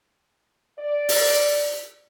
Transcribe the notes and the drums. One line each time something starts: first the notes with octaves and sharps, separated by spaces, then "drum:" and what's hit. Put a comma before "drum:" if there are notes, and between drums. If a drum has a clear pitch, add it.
D5
drum: open hi-hat